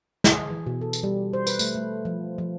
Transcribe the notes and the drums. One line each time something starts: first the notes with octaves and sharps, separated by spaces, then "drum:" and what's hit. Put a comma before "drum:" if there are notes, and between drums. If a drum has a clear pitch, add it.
G#4, drum: snare
E3
B2
A4
drum: tambourine
G3
C5
B4, drum: tambourine
A3, drum: tambourine
A3
F3
F3